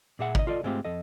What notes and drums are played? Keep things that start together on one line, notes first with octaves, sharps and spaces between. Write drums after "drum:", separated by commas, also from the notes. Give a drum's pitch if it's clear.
A#2 A#3 G#4 E5 F#5
D#4 D#5, drum: kick
F4 A4 D5 D#5
G#2 G#3 A3 C4 F4 G4
F2 A4 D#5